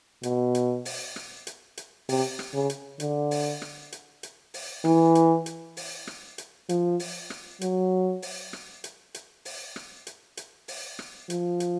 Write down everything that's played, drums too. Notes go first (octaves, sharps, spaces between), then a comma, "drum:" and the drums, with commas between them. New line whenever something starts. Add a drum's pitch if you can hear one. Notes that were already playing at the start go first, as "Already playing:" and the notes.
B2, drum: hi-hat
drum: hi-hat
drum: open hi-hat
drum: rim click
drum: hi-hat
drum: hi-hat
C3, drum: open hi-hat
drum: rim click
C#3
drum: hi-hat
D3, drum: hi-hat
drum: open hi-hat
drum: rim click
drum: hi-hat
drum: hi-hat
drum: open hi-hat
E3, drum: rim click
drum: hi-hat
drum: hi-hat
drum: open hi-hat
drum: rim click
drum: hi-hat
F3, drum: hi-hat
drum: open hi-hat
drum: rim click
F#3, drum: hi-hat
drum: open hi-hat
drum: rim click
drum: hi-hat
drum: hi-hat
drum: open hi-hat
drum: rim click
drum: hi-hat
drum: hi-hat
drum: open hi-hat
drum: rim click
F3, drum: hi-hat
drum: hi-hat